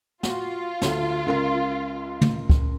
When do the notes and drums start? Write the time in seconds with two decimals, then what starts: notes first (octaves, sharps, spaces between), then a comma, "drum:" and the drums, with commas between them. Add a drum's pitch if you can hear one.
0.23 F4 F#4, drum: snare
0.82 D2, drum: snare
1.26 C#2 A#4 C6
2.21 drum: tom
2.49 drum: kick